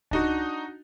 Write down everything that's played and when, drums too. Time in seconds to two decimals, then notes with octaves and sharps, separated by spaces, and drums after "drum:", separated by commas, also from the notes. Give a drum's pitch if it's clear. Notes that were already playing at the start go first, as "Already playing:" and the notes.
0.11 D4 D#4 F#4, drum: kick C#2